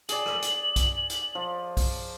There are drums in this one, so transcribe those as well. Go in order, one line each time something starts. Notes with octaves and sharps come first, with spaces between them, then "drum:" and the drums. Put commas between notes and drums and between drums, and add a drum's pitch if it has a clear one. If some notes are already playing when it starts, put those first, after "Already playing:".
G#4 D5 F#7, drum: hi-hat
drum: rim click
drum: hi-hat
drum: kick B1, hi-hat
drum: hi-hat
F3
drum: kick B1, open hi-hat